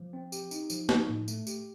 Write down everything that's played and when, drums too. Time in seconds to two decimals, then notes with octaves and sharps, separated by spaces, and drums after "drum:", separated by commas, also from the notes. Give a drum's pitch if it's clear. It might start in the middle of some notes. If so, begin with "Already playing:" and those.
Already playing: F3
0.13 C4
0.32 G4, drum: tambourine
0.51 D#4, drum: tambourine
0.70 F3, drum: tambourine
0.89 D#4, drum: snare
1.09 A2
1.28 A3, drum: tambourine
1.47 G4, drum: tambourine